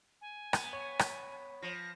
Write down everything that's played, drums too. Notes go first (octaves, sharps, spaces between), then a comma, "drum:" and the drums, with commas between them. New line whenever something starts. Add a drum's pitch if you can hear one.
G#5
B3, drum: rim click
C#5
drum: rim click
F3 A#6